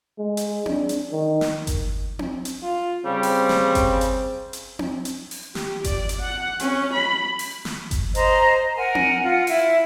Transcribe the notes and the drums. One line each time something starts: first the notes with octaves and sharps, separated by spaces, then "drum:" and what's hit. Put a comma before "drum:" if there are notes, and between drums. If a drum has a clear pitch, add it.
G#3
drum: hi-hat
D4, drum: tom C4
drum: hi-hat
D#3
drum: snare
drum: kick G1, hi-hat
drum: tom C4
drum: hi-hat
F4
C#3 G3 C4
drum: open hi-hat
drum: snare
drum: kick G1, hi-hat
drum: hi-hat
drum: hi-hat
drum: tom C4
drum: hi-hat
drum: open hi-hat
G4, drum: snare
D5, drum: kick G1, hi-hat
drum: hi-hat
F#5
C#4, drum: hi-hat
B5
drum: open hi-hat
drum: snare
drum: kick G1, hi-hat
C5 D#5 A#5, drum: hi-hat
A#4 F#5 G#5
drum: tom C4
F4 F#5
E4, drum: open hi-hat